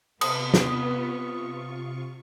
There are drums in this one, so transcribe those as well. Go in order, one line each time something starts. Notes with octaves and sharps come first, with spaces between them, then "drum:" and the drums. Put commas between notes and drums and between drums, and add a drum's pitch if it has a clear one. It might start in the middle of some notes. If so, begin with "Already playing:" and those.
C3 B3 F4 B4 C#6 D#6, drum: cymbal
drum: snare